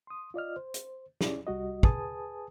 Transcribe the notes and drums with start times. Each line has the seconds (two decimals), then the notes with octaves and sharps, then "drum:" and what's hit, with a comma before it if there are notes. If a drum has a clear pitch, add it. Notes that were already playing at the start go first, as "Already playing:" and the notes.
0.07 C6 D#6
0.34 F4 D5 D#5 F6
0.56 C5
0.74 drum: hi-hat
1.21 C#4 E4 G#4 D5, drum: snare
1.47 C2 G3 F#4 D#5
1.83 G#4 B4 G#5 A5 D#6, drum: kick